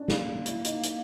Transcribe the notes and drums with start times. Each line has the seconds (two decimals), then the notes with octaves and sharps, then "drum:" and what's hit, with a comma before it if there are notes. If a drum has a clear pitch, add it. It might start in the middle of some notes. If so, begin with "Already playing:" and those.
Already playing: C#4 D4
0.08 A#3, drum: snare
0.46 E4, drum: hi-hat
0.65 D#4, drum: hi-hat
0.83 drum: hi-hat